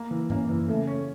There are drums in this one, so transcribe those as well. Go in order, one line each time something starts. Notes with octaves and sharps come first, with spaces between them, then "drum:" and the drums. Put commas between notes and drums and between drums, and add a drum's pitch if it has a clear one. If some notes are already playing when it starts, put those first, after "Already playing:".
Already playing: A#3
E3
A#3 C#4, drum: tom F#2
E3
C#3 A3
C#4